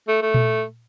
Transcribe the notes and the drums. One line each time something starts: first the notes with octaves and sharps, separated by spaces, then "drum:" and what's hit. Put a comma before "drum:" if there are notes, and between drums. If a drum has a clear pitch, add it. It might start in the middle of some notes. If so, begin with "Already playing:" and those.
A3
A3
drum: tom A#2